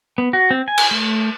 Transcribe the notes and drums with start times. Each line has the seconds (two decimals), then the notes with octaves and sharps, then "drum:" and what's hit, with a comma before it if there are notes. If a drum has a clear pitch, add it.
0.18 B3
0.33 F#4
0.51 C4
0.68 G#5
0.78 drum: cymbal
0.91 A3